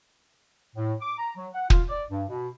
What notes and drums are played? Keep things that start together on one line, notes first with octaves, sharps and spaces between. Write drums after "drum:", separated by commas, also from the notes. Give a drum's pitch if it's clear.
A2
D6
A#5
F#3
F#5
F4, drum: kick
D5
G2
B2